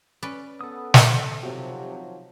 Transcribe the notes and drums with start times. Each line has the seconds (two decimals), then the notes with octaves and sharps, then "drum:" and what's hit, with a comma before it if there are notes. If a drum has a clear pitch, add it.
0.23 C#4 B4 D5
0.61 B3 A4 D#6
0.94 drum: snare
1.43 C3 D#3 F3 F#3 F#4